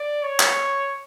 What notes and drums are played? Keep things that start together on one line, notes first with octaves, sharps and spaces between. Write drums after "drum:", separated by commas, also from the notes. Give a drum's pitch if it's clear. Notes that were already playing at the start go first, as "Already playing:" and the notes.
Already playing: D5
C#5
drum: clap